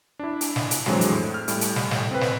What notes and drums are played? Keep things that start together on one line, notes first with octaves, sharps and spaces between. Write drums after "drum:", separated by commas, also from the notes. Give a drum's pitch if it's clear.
D4 E4
drum: hi-hat
drum: snare
drum: hi-hat
F2 E3 F#3 G#3 C4 D4, drum: snare
drum: hi-hat
A2
F6
A2 G3, drum: hi-hat
drum: hi-hat
drum: snare
drum: snare
C4 B4
drum: snare